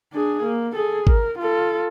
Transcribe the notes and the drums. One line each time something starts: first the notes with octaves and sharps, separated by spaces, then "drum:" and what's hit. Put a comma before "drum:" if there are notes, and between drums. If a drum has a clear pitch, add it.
D4 G#4
A#3
G#4 A4
A#4, drum: kick G#1
F4 A4